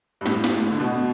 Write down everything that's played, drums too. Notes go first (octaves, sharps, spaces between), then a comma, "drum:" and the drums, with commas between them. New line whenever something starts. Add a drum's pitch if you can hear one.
G2
A2, drum: snare
drum: snare
D3
B2